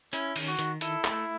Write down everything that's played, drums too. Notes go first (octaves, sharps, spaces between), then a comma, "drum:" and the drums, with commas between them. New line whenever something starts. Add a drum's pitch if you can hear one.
C#4 E4, drum: hi-hat
D#3, drum: open hi-hat
F#4
D#3, drum: hi-hat
E4 A4, drum: hi-hat
A3, drum: clap